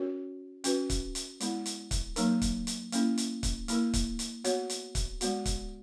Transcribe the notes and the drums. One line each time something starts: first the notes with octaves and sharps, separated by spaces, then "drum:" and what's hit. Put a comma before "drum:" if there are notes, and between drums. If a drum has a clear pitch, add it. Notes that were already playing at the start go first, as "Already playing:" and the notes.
Already playing: C#4 F#4 A#4 C#5
C#4 F#4 B4, drum: hi-hat
drum: kick, hi-hat
drum: hi-hat
G#3 B3 E4, drum: hi-hat
drum: hi-hat
drum: kick, hi-hat
F#3 A#3 D#4 A#4, drum: hi-hat
drum: kick, hi-hat
drum: hi-hat
A#3 C#4 E4, drum: hi-hat
drum: hi-hat
drum: kick, hi-hat
A#3 E4 A#4, drum: hi-hat
drum: kick, hi-hat
drum: hi-hat
B3 F#4 C#5, drum: hi-hat
drum: hi-hat
drum: kick, hi-hat
G#3 B3 F#4, drum: hi-hat
drum: kick, hi-hat